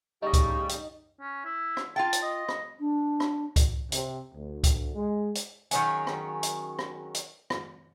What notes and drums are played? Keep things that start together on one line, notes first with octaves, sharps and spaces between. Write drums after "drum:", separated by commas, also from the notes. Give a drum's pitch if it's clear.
A2 C#3 G3 D#4 G4 D#5 C#6
drum: kick C2, hi-hat
drum: hi-hat
C#4
E4
drum: rim click
F4 F5 G5 A5
drum: hi-hat
D#5
drum: rim click
D4
drum: rim click
drum: kick C2, hi-hat
C3, drum: hi-hat
D2
drum: kick C2, hi-hat
G#3
drum: hi-hat
D#3 F#3 C#4 G#4, drum: hi-hat
drum: rim click
drum: hi-hat
drum: rim click
drum: hi-hat
drum: rim click